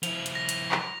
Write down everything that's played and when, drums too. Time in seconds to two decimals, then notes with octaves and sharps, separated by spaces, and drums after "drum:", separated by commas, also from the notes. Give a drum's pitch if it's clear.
0.03 F3 E4 F7, drum: hi-hat
0.26 drum: hi-hat
0.35 A#6
0.49 drum: hi-hat
0.72 drum: clap